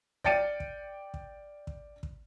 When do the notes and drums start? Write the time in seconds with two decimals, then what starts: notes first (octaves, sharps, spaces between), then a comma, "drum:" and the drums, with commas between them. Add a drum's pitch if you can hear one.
0.24 D5 G5 A6 C#7 D#7, drum: kick
0.60 drum: kick
1.14 drum: kick
1.67 drum: kick
2.03 drum: kick